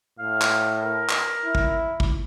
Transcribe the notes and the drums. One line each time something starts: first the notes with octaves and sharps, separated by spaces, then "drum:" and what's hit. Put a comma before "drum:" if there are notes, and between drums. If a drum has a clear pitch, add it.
A2 F5
drum: clap
A#4
drum: clap
E4
drum: kick
drum: kick